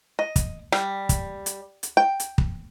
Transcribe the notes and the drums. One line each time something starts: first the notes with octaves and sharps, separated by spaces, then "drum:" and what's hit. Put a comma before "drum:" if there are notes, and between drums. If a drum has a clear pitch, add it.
D#5
drum: kick, hi-hat
G3, drum: rim click
drum: kick, hi-hat
drum: hi-hat
drum: hi-hat
G5
drum: hi-hat
drum: kick